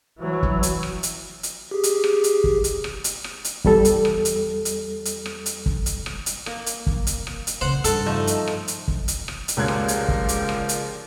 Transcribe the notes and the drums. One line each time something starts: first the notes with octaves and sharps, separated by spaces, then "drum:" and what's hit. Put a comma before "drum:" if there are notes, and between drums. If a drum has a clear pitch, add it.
E3 F#3
drum: kick
drum: hi-hat
drum: rim click
drum: hi-hat
drum: hi-hat
G4 G#4
drum: hi-hat
drum: rim click
drum: hi-hat
drum: kick
drum: hi-hat
drum: rim click
drum: hi-hat
drum: rim click
drum: hi-hat
E2 G3 A4, drum: kick
drum: hi-hat
drum: rim click
drum: hi-hat
drum: hi-hat
drum: hi-hat
drum: rim click
drum: hi-hat
drum: kick
drum: hi-hat
drum: rim click
drum: hi-hat
A#3, drum: rim click
drum: hi-hat
drum: kick
drum: hi-hat
drum: rim click
drum: hi-hat
A#2 C#3 C5 F#5
G2 A4, drum: hi-hat
F3 A3 D#4
drum: hi-hat
drum: rim click
drum: hi-hat
drum: kick
drum: hi-hat
drum: rim click
drum: hi-hat
C#2 F3 G3 A#3 F#6 G#6
drum: rim click
drum: hi-hat
drum: kick
drum: hi-hat
drum: rim click
drum: hi-hat